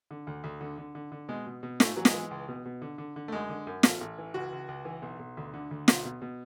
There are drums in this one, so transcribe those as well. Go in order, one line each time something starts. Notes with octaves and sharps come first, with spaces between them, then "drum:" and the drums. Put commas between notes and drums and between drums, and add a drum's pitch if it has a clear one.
D3
D2
D2
D3
D3
D3
D3
B2 G#3
B2
B2
G#2 A3, drum: snare
E3 F#3
G#3, drum: snare
E3
C#2
B2
B2
D3
D3
D3
A3
F#2 G#3
D3
F#2
A1, drum: snare
A1
E3
C#2 F#4
C#2
C#2
E3
B1
B1
D2
D3
D2
B1, drum: snare
B2
B2